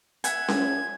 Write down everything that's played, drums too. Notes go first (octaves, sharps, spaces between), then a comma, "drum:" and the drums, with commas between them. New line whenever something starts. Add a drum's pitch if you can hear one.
E5 F#5 G#5 G#6, drum: hi-hat
drum: snare C#4